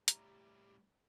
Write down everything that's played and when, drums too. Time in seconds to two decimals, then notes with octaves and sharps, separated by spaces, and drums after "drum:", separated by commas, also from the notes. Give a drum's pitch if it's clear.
0.08 A2 G3 G4 A#5, drum: hi-hat